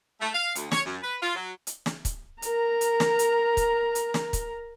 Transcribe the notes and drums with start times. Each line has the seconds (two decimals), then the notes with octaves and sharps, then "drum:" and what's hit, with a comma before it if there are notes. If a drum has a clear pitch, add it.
0.20 A3
0.34 F5
0.55 D2, drum: hi-hat
0.71 C#5, drum: snare
0.85 F#2
1.02 B4
1.21 F4
1.35 F#3
1.67 drum: hi-hat
1.86 drum: snare
2.05 drum: kick, hi-hat
2.42 A#4 A#5, drum: hi-hat
2.81 drum: hi-hat
3.00 drum: snare
3.19 drum: hi-hat
3.57 drum: kick, hi-hat
3.95 drum: hi-hat
4.14 drum: snare
4.33 drum: kick, hi-hat